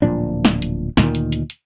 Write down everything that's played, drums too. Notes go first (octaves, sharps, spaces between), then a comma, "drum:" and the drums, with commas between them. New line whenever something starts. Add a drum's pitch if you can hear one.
D1 A#2 F3 D4
drum: snare
drum: hi-hat
D2 A#2 D#3, drum: snare
drum: hi-hat
drum: hi-hat
drum: hi-hat